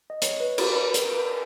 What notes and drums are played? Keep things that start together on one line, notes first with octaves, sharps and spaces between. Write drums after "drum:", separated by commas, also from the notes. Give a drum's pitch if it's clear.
D#5
C#5, drum: hi-hat
B4
A#4, drum: cymbal
B4
A#4, drum: hi-hat
B4